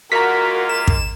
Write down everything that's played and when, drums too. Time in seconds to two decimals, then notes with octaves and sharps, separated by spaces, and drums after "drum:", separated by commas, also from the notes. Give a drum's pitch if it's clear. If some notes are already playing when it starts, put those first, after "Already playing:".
0.12 G#3 A#3 F4 F#4 A#4 A#5 B6
0.69 E7
0.87 drum: kick